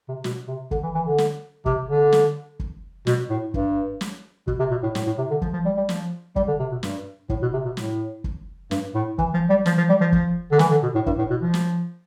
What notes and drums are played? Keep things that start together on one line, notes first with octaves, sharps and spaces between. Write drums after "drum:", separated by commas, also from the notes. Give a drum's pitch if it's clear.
C3
B2, drum: snare
C3
D3, drum: kick
E3
E3
D3
drum: snare
C3, drum: kick
D3
drum: snare
drum: kick
B2, drum: snare
A2
G2, drum: kick
drum: snare
B2, drum: kick
C3
B2
A2
A2, drum: snare
A2
C3
D3
F3, drum: kick
F3
G3
G3
F3, drum: snare
G3, drum: kick
D3
C3
B2
G2, drum: snare
A2, drum: kick
B2
C3
B2
A2, drum: snare
drum: kick
G2, drum: snare
A2
E3, drum: kick
F3
G3
F3, drum: snare
F3
G3
F3
F3, drum: kick
D3
E3, drum: snare
D3
B2
A2
G2, drum: kick
A2
B2
F3
drum: snare